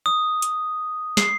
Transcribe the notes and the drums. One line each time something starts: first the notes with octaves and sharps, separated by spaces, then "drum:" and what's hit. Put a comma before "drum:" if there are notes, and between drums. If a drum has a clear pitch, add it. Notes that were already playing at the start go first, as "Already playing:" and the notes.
D#6
drum: hi-hat
C7, drum: snare